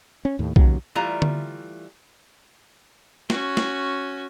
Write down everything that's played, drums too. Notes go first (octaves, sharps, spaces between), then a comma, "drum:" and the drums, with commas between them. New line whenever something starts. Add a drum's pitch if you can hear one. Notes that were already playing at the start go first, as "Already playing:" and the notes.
C#4
D#2 A2
A1 D#2 C#3 F#3, drum: kick B1
E3 G3 A3 F4 A#5
drum: tom D3
C#4 F#4, drum: snare
drum: snare